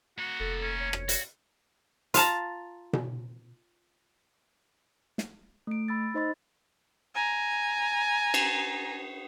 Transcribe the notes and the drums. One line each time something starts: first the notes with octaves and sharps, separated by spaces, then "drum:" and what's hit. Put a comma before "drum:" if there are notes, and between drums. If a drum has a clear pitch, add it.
A#3 F#4 F#5
F1 A4
C#4
C#5
drum: rim click
F#4, drum: hi-hat
F4 F5 A5 A#5, drum: hi-hat
drum: tom B2
drum: snare
A3 D7
B5 E6 A6
D#4 C5 D#5 B5 C6 A6
G#5 A#5
drum: cymbal